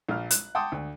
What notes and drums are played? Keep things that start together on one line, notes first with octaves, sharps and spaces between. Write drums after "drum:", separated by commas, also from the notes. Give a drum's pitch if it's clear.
A#1 F6
F#6, drum: hi-hat
F#5 G5 A5 C6 D6 D#6
D2